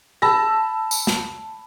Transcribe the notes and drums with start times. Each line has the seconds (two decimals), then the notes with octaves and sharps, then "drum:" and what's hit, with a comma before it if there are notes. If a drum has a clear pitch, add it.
0.22 A5 B5 E6 A#6
0.91 drum: tambourine
1.07 drum: snare